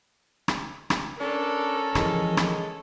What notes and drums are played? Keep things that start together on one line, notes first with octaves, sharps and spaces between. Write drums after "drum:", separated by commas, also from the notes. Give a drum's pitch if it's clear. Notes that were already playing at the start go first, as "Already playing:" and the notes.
drum: rim click
drum: rim click
C#4 D4 A4 A#4
E3 F3 G#3, drum: rim click
drum: rim click